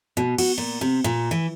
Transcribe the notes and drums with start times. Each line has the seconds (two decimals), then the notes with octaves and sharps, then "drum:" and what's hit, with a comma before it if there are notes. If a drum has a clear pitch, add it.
0.17 B2
0.38 F#4, drum: cymbal
0.58 A#2
0.81 C3
1.04 A#2
1.31 E3